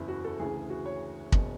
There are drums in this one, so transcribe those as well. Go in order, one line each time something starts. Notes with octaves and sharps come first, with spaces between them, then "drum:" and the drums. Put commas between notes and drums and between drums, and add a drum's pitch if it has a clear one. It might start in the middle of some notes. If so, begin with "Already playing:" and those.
Already playing: F#1 E2 C#3 E4
F#4
A4
D2 C#3 E3 G#4
G#4
F#4
C#5
F#1 E2 B2, drum: kick